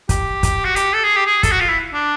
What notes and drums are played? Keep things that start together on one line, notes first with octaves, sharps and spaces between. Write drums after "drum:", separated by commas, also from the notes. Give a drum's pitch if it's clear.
G4, drum: kick, hi-hat
drum: kick, hi-hat
F#4
G4, drum: hi-hat
A4
G#4
G4
G#4
A4, drum: kick, hi-hat
F#4
F4
E4
D4